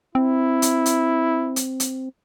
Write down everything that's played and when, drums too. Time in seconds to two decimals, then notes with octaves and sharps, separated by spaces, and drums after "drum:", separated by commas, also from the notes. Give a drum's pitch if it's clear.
0.15 C4 E4
0.62 drum: hi-hat
0.86 drum: hi-hat
1.56 drum: hi-hat
1.80 drum: hi-hat